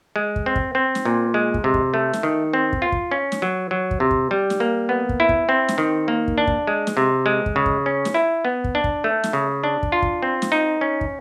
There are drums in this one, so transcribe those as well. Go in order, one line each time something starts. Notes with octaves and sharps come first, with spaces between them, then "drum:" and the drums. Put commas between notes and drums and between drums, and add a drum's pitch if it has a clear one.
G#3
drum: kick
C4
drum: kick
C4
drum: snare
A#2
G#3
drum: kick
C3
drum: kick
A3
drum: snare
D#3
C4
drum: kick
F4
drum: kick
C#4
drum: snare
F#3
F#3
drum: kick
C3
drum: kick
G3
drum: snare
A#3
B3
drum: kick
E4
drum: kick
C4
drum: snare
D#3
A#3
drum: kick
D4
drum: kick
G#3
drum: snare
C3
G#3
drum: kick
C#3
drum: kick
C#4
drum: snare
E4
B3
drum: kick
D4
drum: kick
A3
drum: snare
C#3
D4
drum: kick
F4
drum: kick
C4
drum: snare
D#4
C#4
drum: kick